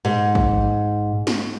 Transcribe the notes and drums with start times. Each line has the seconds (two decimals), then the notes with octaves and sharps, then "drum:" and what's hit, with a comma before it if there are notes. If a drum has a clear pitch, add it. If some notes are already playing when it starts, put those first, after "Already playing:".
0.05 G#2
0.35 drum: kick A1
1.27 drum: snare